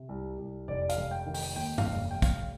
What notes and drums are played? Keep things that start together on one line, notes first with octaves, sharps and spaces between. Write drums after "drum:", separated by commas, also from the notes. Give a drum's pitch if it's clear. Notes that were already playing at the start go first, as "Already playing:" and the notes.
Already playing: C3
C2
C2
F1 D5
F5, drum: hi-hat
F1
G5
D#3
G5, drum: open hi-hat
D#2 G5
F5, drum: tom G2
F1
F1 G5
F5, drum: kick, hi-hat